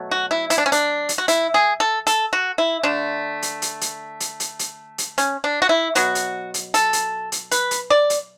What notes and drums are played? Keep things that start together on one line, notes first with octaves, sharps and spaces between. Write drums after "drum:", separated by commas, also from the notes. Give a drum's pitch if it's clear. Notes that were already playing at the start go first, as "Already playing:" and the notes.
Already playing: B2 F#3 A3
F#4
E4
E4, drum: hi-hat
D4
C#4
D4, drum: hi-hat
drum: hi-hat
F#4
E4, drum: hi-hat
G#4
A4
A4, drum: hi-hat
F#4
E4
D3 A3 D4
drum: hi-hat
drum: hi-hat
drum: hi-hat
drum: hi-hat
drum: hi-hat
drum: hi-hat
drum: hi-hat
C#4, drum: hi-hat
D4
F#4
E4
B2 F#3 B3 F#4, drum: hi-hat
drum: hi-hat
drum: hi-hat
A4, drum: hi-hat
drum: hi-hat
drum: hi-hat
B4, drum: hi-hat
drum: hi-hat
D5
drum: hi-hat